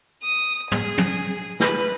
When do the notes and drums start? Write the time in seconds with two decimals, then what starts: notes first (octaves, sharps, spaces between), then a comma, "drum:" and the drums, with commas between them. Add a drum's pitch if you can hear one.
0.23 D#6
0.71 G#4, drum: tom
0.98 drum: tom
1.60 B4, drum: snare